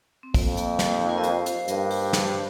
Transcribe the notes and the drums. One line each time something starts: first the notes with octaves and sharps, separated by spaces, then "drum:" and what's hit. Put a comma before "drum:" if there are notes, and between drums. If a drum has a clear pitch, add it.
C4
F2 A#3, drum: kick, open hi-hat
A#3, drum: hi-hat
A#3, drum: snare
D#4 G4
F4 A#4
D#5
G4 C5, drum: hi-hat
C5 F5, drum: hi-hat
G2 A#4 D#5, drum: hi-hat
G4 C5, drum: open hi-hat
G4 C5, drum: snare